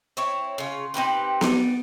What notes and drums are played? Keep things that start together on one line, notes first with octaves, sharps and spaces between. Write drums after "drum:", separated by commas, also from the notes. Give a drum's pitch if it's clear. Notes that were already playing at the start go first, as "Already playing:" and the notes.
C4 E4 C#5
C#3 F4
C4 D#4 G4 B4
B3 D#4 D5, drum: snare B3